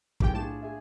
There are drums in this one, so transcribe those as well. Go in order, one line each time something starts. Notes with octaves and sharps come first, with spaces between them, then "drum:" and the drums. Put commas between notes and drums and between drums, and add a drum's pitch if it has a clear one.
B1 F4 G4 G#4 A#4 G5, drum: kick
A2 A3 D4 G#4 A5 E7
G#4 E5